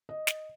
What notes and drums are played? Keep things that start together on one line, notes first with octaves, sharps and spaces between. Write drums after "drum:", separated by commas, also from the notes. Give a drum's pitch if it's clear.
D#5
drum: snare